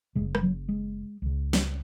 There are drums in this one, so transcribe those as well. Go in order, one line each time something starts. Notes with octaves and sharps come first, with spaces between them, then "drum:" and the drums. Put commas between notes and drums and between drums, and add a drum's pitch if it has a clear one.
F#1 F#2 C#3 G#3
G#3, drum: rim click
F#3
G#3
C#2 C#3
drum: snare